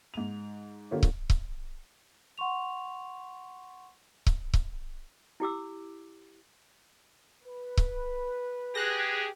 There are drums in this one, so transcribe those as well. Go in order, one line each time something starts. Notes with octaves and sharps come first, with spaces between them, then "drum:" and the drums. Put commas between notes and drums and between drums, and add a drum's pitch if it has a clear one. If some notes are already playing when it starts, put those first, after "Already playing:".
G#2 F7
D3 A#3 F4 G4 C#5
drum: kick C#1
drum: kick C#1
F#5 C6 C#6 F7
drum: kick C#1
drum: kick C#1
E4 G4 D6 E6
B4
drum: kick C#1
G4 G#4 F#6 A#6